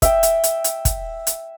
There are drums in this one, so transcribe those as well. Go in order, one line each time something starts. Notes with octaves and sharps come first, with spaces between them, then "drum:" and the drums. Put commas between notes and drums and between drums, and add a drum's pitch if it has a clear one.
E5 G5, drum: kick, hi-hat
drum: hi-hat
drum: hi-hat
drum: hi-hat
drum: kick, hi-hat
drum: hi-hat